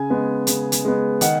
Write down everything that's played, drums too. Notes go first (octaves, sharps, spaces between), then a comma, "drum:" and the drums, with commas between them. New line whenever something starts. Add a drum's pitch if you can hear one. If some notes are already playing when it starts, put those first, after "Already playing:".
Already playing: C#3 G#5
G#3 B3
C#3, drum: hi-hat
drum: hi-hat
G#3 B3
D#3 F#5, drum: hi-hat